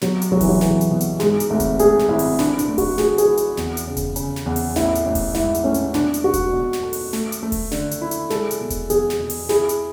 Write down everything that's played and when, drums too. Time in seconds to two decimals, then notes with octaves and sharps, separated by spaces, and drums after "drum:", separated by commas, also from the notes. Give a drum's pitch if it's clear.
0.01 B2 F#3, drum: snare
0.22 drum: hi-hat
0.31 B1 F#3
0.41 E3, drum: kick E1, open hi-hat
0.49 F#3
0.61 E3 G#3, drum: snare
0.81 drum: hi-hat
0.91 B2
1.01 drum: hi-hat
1.20 G#2 G#3, drum: snare
1.40 drum: hi-hat
1.50 G#1 A3
1.60 drum: kick E1, hi-hat
1.79 A3 G#4, drum: hi-hat
1.99 drum: snare
2.09 G#1 E4
2.19 drum: open hi-hat
2.39 D4 E4, drum: snare
2.59 D4, drum: hi-hat
2.68 A3
2.78 F#4, drum: kick E1, open hi-hat
2.98 A3 G#4, drum: snare
3.18 G#4, drum: hi-hat
3.27 E4
3.37 drum: hi-hat
3.57 E2, drum: snare
3.77 drum: hi-hat
3.87 C#3
3.97 drum: kick E1, hi-hat
4.16 C#3, drum: hi-hat
4.36 drum: snare
4.46 E2
4.56 drum: open hi-hat
4.76 A1 E4, drum: snare
4.95 drum: hi-hat
5.05 A1
5.15 drum: kick E1, open hi-hat
5.34 G#2 E4, drum: snare
5.55 drum: hi-hat
5.64 A3 C#4
5.74 drum: hi-hat
5.94 B2 D4, drum: snare
6.14 drum: hi-hat
6.24 F#4 A4
6.33 drum: kick E1, hi-hat
6.53 B2
6.73 drum: snare
6.83 A4
6.93 drum: open hi-hat
7.13 A3, drum: snare
7.32 drum: hi-hat
7.43 A3
7.52 drum: kick E1, open hi-hat
7.72 D3, drum: snare
7.91 drum: hi-hat
8.02 E4
8.11 drum: hi-hat
8.30 G#3 A4, drum: snare
8.51 drum: hi-hat
8.61 B2
8.70 drum: kick E1, hi-hat
8.90 E2 G#4, drum: hi-hat
9.10 drum: snare
9.20 B2
9.30 drum: open hi-hat
9.49 E4 G#4, drum: snare
9.69 drum: hi-hat